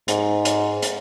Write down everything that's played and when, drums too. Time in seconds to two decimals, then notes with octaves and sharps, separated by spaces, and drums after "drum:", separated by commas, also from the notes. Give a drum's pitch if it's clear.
0.08 G#2, drum: hi-hat
0.45 drum: hi-hat
0.82 drum: hi-hat